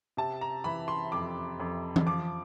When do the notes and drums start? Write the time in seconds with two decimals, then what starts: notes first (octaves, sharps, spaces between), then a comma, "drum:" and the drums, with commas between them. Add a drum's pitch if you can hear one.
0.17 C3 A5
0.41 A#5
0.64 E3 B5
0.88 C6
1.12 F2 D6
1.60 F2
1.96 drum: tom
2.06 F3 D6